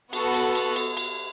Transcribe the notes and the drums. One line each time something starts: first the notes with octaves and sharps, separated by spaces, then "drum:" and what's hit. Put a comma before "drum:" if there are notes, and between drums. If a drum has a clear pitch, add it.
B3 F#4 A4, drum: cymbal
drum: cymbal
drum: cymbal
drum: cymbal
drum: cymbal